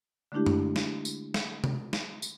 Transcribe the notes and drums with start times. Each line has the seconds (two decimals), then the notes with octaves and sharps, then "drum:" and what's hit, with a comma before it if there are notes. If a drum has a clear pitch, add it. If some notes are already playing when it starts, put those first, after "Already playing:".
0.32 D3 G#3 A3 D4 E4 G4
0.46 drum: tom F#2
0.76 drum: snare
1.05 drum: tambourine
1.34 drum: snare
1.64 drum: tom
1.93 drum: snare
2.22 drum: tambourine